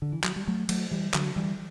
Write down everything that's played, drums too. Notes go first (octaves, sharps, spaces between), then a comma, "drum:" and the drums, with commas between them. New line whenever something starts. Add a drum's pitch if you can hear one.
D3
E3
F#3, drum: clap
G3
F#3 A3
F#3 A3, drum: cymbal
E3 G3
D3 F#3, drum: clap
E3 G3